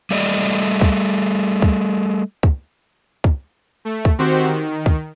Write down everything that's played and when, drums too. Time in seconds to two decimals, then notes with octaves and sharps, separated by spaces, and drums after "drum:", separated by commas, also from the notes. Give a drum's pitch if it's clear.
0.11 G3 A3 D5 D#5
0.81 drum: kick
1.62 drum: kick
2.43 drum: kick
3.24 drum: kick
3.85 A3
4.05 drum: kick
4.18 D#3 C4 F#4 G4 C5
4.48 D#3
4.86 drum: kick